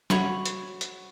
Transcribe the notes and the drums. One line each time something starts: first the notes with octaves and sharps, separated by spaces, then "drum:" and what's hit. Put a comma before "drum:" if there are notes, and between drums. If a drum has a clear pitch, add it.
F#4 C#5 B5 C#6, drum: snare
drum: hi-hat
drum: hi-hat